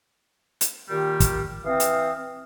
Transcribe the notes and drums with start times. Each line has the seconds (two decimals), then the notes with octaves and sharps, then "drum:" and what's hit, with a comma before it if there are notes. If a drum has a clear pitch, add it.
0.61 drum: hi-hat
0.90 A#2 D#3 G3 G4
1.20 drum: kick, hi-hat
1.65 E3 C4 F5 D#6
1.80 drum: hi-hat